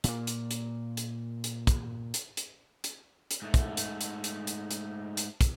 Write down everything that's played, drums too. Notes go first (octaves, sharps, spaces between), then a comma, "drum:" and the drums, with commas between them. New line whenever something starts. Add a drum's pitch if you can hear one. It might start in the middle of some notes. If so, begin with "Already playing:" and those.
A#2 A#3, drum: hi-hat
drum: hi-hat
drum: hi-hat
drum: hi-hat
drum: hi-hat
drum: kick, hi-hat
drum: hi-hat
drum: hi-hat
drum: hi-hat
drum: hi-hat
G#2 A3
drum: kick, hi-hat
drum: hi-hat
drum: hi-hat
drum: hi-hat
drum: hi-hat
drum: hi-hat
drum: hi-hat
drum: kick, hi-hat